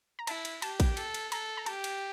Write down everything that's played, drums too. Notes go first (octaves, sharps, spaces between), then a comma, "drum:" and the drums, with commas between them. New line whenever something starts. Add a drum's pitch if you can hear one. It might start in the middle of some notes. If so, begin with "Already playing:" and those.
A#5
E4 A5, drum: cymbal
drum: cymbal
G4 A5, drum: cymbal
drum: kick, cymbal
A4, drum: cymbal
drum: cymbal
A4 A#5, drum: cymbal
A#5
G4 A5, drum: cymbal
drum: cymbal